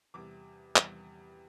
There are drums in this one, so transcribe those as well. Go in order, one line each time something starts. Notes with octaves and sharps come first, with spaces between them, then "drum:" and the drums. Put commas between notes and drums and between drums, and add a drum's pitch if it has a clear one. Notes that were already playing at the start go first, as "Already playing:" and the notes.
E2 C3 G3 D6
E2 C3 G3, drum: clap